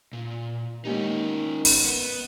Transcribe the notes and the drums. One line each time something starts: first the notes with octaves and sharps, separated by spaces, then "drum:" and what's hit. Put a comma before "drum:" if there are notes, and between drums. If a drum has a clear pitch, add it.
A#2
D#3 G#3 A#3 C#4 D#4 G4
drum: open hi-hat
B3